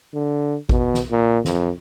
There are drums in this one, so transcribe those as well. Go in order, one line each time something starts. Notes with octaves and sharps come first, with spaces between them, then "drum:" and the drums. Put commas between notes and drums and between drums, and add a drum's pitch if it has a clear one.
D3
B2, drum: kick G#1
drum: snare
A#2
F2, drum: snare